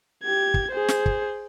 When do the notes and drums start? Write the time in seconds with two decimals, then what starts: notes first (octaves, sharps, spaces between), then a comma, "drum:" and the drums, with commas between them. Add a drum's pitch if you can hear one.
0.24 G4 G#6
0.54 drum: kick
0.71 G#4 C5
0.88 drum: snare
1.06 drum: kick